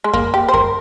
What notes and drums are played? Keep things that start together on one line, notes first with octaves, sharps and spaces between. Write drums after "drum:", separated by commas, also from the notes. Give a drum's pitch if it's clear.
G#3
A#3, drum: kick F#2
G4
C5
A#4, drum: kick F#2